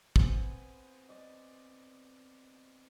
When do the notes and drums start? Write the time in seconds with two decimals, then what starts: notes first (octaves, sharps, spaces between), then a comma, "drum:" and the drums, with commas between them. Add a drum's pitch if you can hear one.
0.16 B3 C4 B4 G#5, drum: kick
1.08 D5 D#5